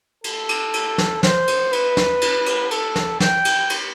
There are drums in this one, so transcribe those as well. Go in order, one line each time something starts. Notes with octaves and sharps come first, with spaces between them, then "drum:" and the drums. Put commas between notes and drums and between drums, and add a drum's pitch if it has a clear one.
A4, drum: cymbal
drum: cymbal
drum: cymbal
drum: snare
C5, drum: snare
drum: cymbal
B4, drum: cymbal
drum: snare
drum: cymbal
drum: cymbal
A4, drum: cymbal
drum: snare
G5, drum: snare
drum: cymbal
drum: cymbal